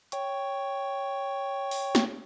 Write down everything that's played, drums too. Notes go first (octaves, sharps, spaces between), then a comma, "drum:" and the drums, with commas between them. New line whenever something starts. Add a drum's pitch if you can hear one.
C#5 G5 C#6, drum: hi-hat
drum: open hi-hat
drum: snare